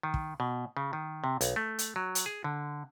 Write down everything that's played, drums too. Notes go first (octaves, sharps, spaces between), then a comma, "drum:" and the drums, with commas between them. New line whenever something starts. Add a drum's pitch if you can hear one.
D#3
drum: kick
B2
C#3
D#3
C3
B1, drum: hi-hat
A3
drum: hi-hat
F#3
drum: hi-hat
G#4
D3